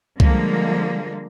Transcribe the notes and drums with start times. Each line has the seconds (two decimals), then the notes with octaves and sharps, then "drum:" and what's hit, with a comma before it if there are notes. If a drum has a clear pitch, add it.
0.20 D3 F3 G3 G#3 A#3, drum: kick